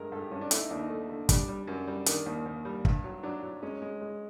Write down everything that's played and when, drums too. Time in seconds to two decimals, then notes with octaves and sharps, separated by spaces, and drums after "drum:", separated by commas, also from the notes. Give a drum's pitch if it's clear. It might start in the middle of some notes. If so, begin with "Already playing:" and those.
Already playing: G2 G#3 A#4
0.12 G2 A4
0.22 G4
0.31 G2 C#4
0.41 D4
0.51 A3 E4, drum: hi-hat
0.60 D#4
0.69 D#2 D4
0.79 D#4
0.90 A3
1.09 D3
1.29 G3 D4, drum: kick, hi-hat
1.48 G3
1.67 F#2
1.87 G3
2.06 D#3 D4, drum: hi-hat
2.26 D#2
2.45 D#2
2.65 G3
2.85 G2, drum: kick
3.04 F#3
3.23 F#3 D4
3.43 F#3
3.62 G#3 C#4
3.82 G#3
4.02 G#3